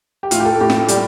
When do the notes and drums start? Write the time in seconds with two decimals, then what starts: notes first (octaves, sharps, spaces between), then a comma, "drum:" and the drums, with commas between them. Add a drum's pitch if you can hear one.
0.23 G4
0.31 A2 F4, drum: hi-hat
0.40 G4
0.45 A4
0.60 A2 G4
0.70 drum: snare
0.88 G3 G4, drum: hi-hat